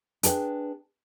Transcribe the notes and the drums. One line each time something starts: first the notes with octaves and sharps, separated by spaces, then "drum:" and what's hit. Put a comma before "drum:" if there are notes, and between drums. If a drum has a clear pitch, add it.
D4 G#4 B4 G5, drum: hi-hat